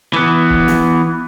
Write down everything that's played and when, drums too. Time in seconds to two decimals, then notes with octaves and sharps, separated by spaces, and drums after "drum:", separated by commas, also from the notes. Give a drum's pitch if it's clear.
0.13 E3 B3
0.50 drum: kick
0.68 drum: snare